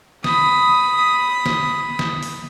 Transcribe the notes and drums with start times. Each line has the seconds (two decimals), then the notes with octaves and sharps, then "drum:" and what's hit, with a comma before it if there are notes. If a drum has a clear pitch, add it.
0.24 B5 D#6, drum: snare
1.46 drum: snare
1.99 drum: snare
2.23 drum: open hi-hat